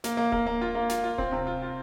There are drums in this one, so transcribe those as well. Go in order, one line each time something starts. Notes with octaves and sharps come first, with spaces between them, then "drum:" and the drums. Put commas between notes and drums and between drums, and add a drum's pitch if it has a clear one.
A#3, drum: snare
A#3
A#3, drum: kick D1
A#3
F4
A#3
F4, drum: snare
F4
C4, drum: kick D1
C3
F4
F4